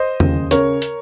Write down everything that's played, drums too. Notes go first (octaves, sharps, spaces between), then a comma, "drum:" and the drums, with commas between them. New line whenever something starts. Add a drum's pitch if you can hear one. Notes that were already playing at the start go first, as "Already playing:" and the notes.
Already playing: C5 D#5
D#2 C#3, drum: tom E2
C#3 A#4 C#5, drum: hi-hat
drum: hi-hat